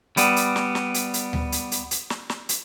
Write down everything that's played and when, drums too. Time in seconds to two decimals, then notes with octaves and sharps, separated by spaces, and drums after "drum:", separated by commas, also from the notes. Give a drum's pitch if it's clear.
0.17 G3 B3, drum: hi-hat
0.36 drum: hi-hat
0.56 drum: snare
0.75 drum: snare
0.94 drum: hi-hat
1.14 drum: hi-hat
1.33 drum: tom D2
1.52 drum: hi-hat
1.72 drum: hi-hat
1.91 drum: hi-hat
2.10 drum: snare
2.30 drum: snare
2.49 drum: hi-hat